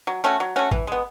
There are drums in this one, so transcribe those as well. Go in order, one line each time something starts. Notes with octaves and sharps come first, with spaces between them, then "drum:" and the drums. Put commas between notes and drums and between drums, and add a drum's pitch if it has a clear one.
F#3
A3 C#4 F#4
F#3
A3 C#4 F#4
E3, drum: kick
G#3 B3